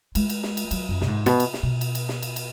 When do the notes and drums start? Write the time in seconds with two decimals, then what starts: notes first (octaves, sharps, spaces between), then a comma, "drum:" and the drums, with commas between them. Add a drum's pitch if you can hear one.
0.15 G#3, drum: cymbal
0.30 drum: cymbal
0.43 drum: snare
0.57 drum: cymbal
0.71 F#3, drum: cymbal
0.89 F#2
1.01 B2, drum: snare
1.08 G#2
1.26 B2, drum: cymbal
1.40 drum: cymbal
1.54 drum: snare
1.63 B2
1.81 drum: cymbal
1.95 drum: cymbal
2.09 drum: snare
2.22 drum: cymbal
2.36 drum: cymbal